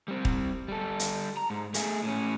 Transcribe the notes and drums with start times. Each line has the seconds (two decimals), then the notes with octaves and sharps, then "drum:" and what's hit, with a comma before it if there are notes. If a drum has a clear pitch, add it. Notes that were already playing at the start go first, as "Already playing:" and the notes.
0.08 G3 C4
0.25 drum: kick
0.68 G3 A4
0.99 drum: hi-hat
1.37 A#5
1.50 G#2
1.74 A3 G#4, drum: hi-hat
2.04 A2 C#4